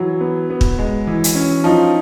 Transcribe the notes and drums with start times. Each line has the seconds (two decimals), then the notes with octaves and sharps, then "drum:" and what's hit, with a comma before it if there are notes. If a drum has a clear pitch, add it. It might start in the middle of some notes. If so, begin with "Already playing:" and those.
Already playing: E3 F#3
0.21 B3
0.50 B3
0.61 drum: kick
0.79 G#3
1.07 E3
1.24 drum: hi-hat
1.35 C#4
1.64 F3 D#4